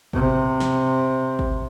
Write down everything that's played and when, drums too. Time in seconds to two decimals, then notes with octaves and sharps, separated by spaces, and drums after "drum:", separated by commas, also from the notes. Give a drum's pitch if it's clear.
0.13 C3, drum: kick
0.60 drum: snare
1.39 drum: kick